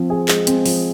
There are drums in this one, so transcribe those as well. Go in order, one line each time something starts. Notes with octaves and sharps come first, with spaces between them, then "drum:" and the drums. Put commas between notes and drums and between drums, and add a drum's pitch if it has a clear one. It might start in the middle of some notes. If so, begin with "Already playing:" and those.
Already playing: F3 C4
G#4
G#3, drum: clap
C4, drum: hi-hat
F3, drum: open hi-hat